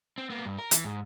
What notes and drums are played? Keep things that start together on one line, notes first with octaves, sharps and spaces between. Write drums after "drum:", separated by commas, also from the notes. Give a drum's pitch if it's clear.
C4
A#3 B3
G2
A#4
E3, drum: hi-hat
G#2